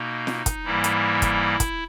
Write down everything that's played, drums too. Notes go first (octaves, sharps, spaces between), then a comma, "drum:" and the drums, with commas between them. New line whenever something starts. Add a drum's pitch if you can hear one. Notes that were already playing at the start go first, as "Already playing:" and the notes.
Already playing: B2 A#3 D#4
drum: snare
drum: kick, hi-hat
G#2 E3 G3 A#3 E4
drum: hi-hat
drum: kick, hi-hat
drum: kick, hi-hat